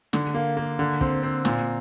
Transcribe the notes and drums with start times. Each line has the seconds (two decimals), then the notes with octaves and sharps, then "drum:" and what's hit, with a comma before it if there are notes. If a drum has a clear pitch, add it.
0.13 D3, drum: snare
0.34 A#3
0.57 A#3
0.79 D3
1.01 C4, drum: kick
1.23 C4
1.45 A#2, drum: snare